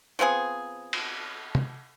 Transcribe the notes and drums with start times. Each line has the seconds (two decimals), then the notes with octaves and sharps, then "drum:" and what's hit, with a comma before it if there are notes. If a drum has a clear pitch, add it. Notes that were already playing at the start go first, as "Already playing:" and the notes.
0.19 F3 B3 C4 G#4
0.93 drum: cymbal
1.55 drum: tom